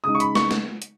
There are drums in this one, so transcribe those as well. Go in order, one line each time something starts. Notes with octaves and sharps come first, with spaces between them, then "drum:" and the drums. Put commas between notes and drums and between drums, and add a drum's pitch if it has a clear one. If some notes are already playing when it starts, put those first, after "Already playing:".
C#3 G#3 D#4 D#6
C#6
B5, drum: hi-hat
C#6, drum: snare
drum: snare
drum: hi-hat